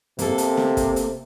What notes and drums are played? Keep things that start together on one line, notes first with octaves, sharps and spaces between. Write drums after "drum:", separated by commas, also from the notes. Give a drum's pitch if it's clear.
C3 A#3 A4, drum: hi-hat
drum: hi-hat
drum: snare
drum: kick, hi-hat
drum: hi-hat